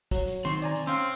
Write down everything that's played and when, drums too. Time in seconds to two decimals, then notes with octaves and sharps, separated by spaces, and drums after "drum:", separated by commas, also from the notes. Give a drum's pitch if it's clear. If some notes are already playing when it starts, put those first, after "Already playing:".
0.11 F#3, drum: kick, hi-hat
0.27 drum: hi-hat
0.45 D#3 C4 C6 C#6, drum: hi-hat
0.62 D5 G#5 A#5, drum: hi-hat
0.76 drum: hi-hat
0.87 C4 C#4 F5 C6